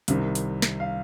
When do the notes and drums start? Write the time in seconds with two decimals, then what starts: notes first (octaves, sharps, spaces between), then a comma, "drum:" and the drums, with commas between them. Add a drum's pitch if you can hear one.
0.08 C2 C3 D#3, drum: hi-hat
0.35 drum: hi-hat
0.62 drum: snare
0.80 F5